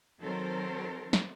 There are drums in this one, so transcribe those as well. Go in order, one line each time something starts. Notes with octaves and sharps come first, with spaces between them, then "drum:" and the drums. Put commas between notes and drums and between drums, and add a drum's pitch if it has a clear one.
D#3 F#3 C4 A4 A#4 C5
drum: snare